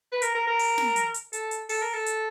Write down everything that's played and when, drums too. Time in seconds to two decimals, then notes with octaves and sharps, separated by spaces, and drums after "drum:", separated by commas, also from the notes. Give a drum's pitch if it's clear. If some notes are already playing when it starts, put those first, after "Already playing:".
0.12 B4
0.22 A#4, drum: hi-hat
0.35 A#4
0.47 A#4
0.59 drum: open hi-hat
0.78 drum: snare
0.96 drum: hi-hat
1.14 drum: hi-hat
1.33 A4, drum: hi-hat
1.51 drum: hi-hat
1.69 A4, drum: open hi-hat
1.82 A#4
1.94 A4
2.07 drum: hi-hat